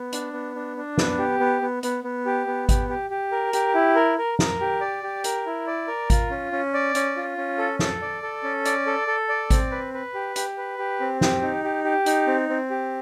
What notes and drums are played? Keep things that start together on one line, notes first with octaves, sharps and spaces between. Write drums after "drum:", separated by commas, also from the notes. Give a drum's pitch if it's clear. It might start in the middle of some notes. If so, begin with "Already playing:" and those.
Already playing: B3
D4, drum: hi-hat
B3
D4
D4
B3, drum: snare
G4
B3
B3
B3, drum: hi-hat
B3
G4
B3
G4, drum: kick G#1, hi-hat
G4
G4
A#4
G4, drum: hi-hat
E4
A#4
A#4
A#4, drum: snare
G4
D5
G4
A#4, drum: hi-hat
E4
D5
A#4
F4, drum: kick G#1, hi-hat
C#4
C#4
D5
C#4, drum: hi-hat
F4
C#4
A4
A4, drum: snare
D5
A4
C#4
D5, drum: hi-hat
A4
A4
D5
C4, drum: kick G#1, hi-hat
B4
B4
G4
G4, drum: hi-hat
B4
G4
C4
G4, drum: snare
D#4
G4
G4
D#4, drum: hi-hat
C4
C4
G4